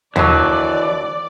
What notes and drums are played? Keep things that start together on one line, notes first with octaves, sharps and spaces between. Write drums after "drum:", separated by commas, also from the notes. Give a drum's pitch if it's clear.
D#2 D3 E3 F#3 D5, drum: tom